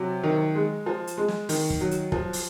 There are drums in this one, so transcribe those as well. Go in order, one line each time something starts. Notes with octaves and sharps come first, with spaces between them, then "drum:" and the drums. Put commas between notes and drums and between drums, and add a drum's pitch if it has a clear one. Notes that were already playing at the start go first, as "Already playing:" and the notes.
Already playing: C3 F#3
D#3
G#3
F3
drum: hi-hat
G#3
drum: snare
D#3, drum: open hi-hat
drum: kick
F#3
drum: hi-hat
F3, drum: kick
drum: open hi-hat